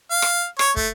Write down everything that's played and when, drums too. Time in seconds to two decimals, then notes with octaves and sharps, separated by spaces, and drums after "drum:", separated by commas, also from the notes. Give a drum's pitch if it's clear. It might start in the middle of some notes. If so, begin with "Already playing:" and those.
0.11 F5
0.22 drum: rim click
0.59 C#5, drum: rim click
0.77 A3, drum: kick